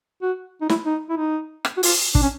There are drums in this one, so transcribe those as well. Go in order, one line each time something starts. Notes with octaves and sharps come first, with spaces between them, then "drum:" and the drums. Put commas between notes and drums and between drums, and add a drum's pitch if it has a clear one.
F#4
D#4
E4, drum: snare
D#4
E4
D#4
drum: rim click
F#4
F4, drum: open hi-hat
D4, drum: kick
C#4